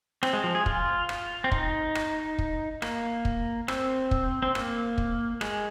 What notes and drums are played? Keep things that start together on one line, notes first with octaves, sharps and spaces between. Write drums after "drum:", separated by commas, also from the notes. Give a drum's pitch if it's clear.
C4, drum: rim click
G#3
F3
G#4
F4, drum: kick
drum: rim click
C4
D#4, drum: kick
drum: rim click
drum: kick
A#3, drum: rim click
drum: kick
C4, drum: rim click
drum: kick
C4
A#3, drum: rim click
drum: kick
G#3, drum: rim click